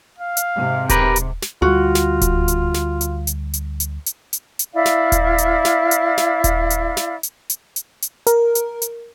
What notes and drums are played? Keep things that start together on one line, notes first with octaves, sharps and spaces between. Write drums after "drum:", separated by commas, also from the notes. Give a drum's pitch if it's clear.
F5
drum: hi-hat
G#2 C3
G4 A#4 B4, drum: kick D#1, hi-hat
drum: hi-hat
drum: snare
D2 G3 F4 F#4
drum: snare
drum: kick D#1, hi-hat
drum: hi-hat
drum: snare
drum: hi-hat
drum: hi-hat
drum: hi-hat
drum: hi-hat
drum: hi-hat
drum: hi-hat
drum: hi-hat
E4 D5 F5
drum: snare
drum: kick D#1, hi-hat
drum: hi-hat
drum: snare
drum: hi-hat
drum: snare
drum: kick D#1, hi-hat
drum: hi-hat
drum: snare
drum: hi-hat
drum: hi-hat
drum: hi-hat
drum: hi-hat
A#4, drum: hi-hat
drum: hi-hat
drum: hi-hat